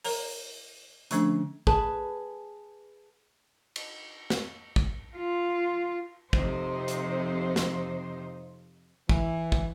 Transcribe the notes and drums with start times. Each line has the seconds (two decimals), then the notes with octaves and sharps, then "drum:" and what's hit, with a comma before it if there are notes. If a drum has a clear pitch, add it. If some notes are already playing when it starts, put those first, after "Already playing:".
0.05 A#4 C#5 A#5, drum: open hi-hat
1.11 D3 F3 A3 C#4 D4, drum: hi-hat
1.67 G#4 B4 A5, drum: kick
3.76 drum: cymbal
4.30 drum: snare
4.76 drum: kick
5.16 F4
6.33 F2 C3 D#4 C5, drum: kick
6.88 drum: hi-hat
7.56 drum: snare
9.09 E3, drum: kick
9.52 drum: kick